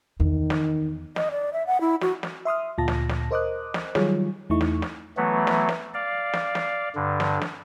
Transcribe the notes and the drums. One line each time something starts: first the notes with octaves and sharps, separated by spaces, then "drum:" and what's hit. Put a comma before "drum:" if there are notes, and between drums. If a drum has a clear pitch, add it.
E2 D#3
drum: snare
D#5, drum: snare
D5
E5
F#5
E4
F#4, drum: snare
drum: snare
E5 C6 D#6 F6
D2 A#2 F4 A5 A#6
drum: snare
drum: snare
A#4 C5 D#5 D6 D#6 F#6
drum: snare
D#3 F#3 G3 F4 G#4 C#5, drum: snare
E2 A3 D#4 E4 C#6
drum: snare
drum: snare
E3 F#3 A3 B3
drum: snare
drum: snare
D5 F5
drum: snare
drum: snare
G2 D3
drum: snare
drum: snare